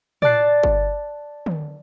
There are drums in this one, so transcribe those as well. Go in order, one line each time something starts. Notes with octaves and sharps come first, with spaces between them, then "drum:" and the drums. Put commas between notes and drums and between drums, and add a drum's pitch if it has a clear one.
D5 A5 F#6 C7, drum: tom A2
drum: kick G1
drum: tom